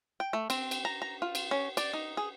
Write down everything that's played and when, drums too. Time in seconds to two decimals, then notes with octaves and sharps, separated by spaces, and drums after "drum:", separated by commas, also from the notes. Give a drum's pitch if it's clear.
0.20 G5
0.33 A3
0.50 C4, drum: cymbal
0.71 drum: cymbal
0.85 A#5
1.02 A#5
1.22 F4
1.35 drum: cymbal
1.51 C#4
1.77 D5, drum: cymbal
1.93 D#4
2.17 G#4